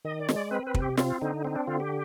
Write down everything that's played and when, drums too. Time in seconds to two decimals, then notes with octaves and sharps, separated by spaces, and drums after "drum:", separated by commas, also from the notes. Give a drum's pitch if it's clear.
0.05 D#3 D#5
0.20 D5
0.29 G#3, drum: snare
0.36 D5
0.51 C4 B4
0.67 B4
0.74 C3, drum: kick
0.82 G4
0.97 C4 F4, drum: snare
1.21 D3 D#4
1.45 C4 D#4
1.56 D4
1.67 D3 F4
1.80 G4